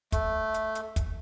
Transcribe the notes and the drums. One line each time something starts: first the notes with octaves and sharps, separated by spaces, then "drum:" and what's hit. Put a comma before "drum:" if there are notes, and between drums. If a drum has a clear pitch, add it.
A3, drum: kick, hi-hat
drum: hi-hat
drum: hi-hat
drum: kick, hi-hat